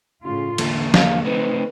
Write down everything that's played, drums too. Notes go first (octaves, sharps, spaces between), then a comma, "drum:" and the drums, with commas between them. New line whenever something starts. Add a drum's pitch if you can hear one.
A2 C#3 F4
E2 D3 A#3 A4, drum: cymbal
F5, drum: snare
A3 C4 D#4 B4